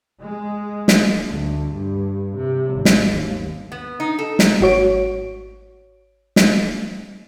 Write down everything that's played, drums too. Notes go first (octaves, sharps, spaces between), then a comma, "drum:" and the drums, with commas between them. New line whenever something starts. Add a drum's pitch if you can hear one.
G#3
drum: snare
D2
G2
C3
G#1
drum: snare
D#2
B3
D#4
A4
drum: snare
G#1 F#4 C#5 D7
drum: snare